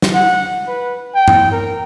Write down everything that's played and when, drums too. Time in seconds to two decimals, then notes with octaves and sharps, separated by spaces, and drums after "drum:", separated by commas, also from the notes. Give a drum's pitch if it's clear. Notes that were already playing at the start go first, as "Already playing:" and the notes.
0.02 drum: snare
0.14 F#5
0.67 B4
1.15 G5
1.28 drum: tom G2
1.52 A#4